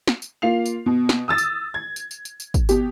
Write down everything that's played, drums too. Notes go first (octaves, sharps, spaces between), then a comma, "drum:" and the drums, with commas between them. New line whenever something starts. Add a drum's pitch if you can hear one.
drum: snare
drum: tambourine
A#3 F4 C7 F7
drum: tambourine
B2
drum: snare
D#6 E6 A6
drum: tambourine
G#6
drum: tambourine
drum: tambourine
drum: tambourine
drum: tambourine
drum: kick, tambourine
B2 G4, drum: tambourine